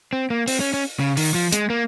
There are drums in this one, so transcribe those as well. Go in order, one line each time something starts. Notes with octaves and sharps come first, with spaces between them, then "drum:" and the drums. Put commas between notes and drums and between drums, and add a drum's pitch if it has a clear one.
C4
A#3
C4, drum: open hi-hat
C#4
C#4
C#3
D#3, drum: open hi-hat
F3
G#3, drum: hi-hat
A#3